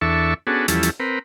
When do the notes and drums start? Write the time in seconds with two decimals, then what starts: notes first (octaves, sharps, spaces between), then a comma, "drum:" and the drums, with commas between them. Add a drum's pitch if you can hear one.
0.01 E2 D4 A4 E5 C#6
0.47 B3 C#4 D4 F#4 G#4 A4
0.68 E2 F3 G3 C#4 E4 A4, drum: hi-hat
0.83 drum: hi-hat
1.00 C4 A#4 B4